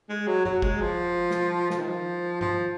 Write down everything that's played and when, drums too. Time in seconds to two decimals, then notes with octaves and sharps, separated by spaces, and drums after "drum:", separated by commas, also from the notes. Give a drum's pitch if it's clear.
0.09 G#3
0.27 F#3
0.45 F#3, drum: tom F#2
0.62 G#3, drum: kick
0.81 F3
1.31 drum: snare
1.70 F3, drum: snare
1.79 D#3
1.89 F3
2.41 F3, drum: tom G2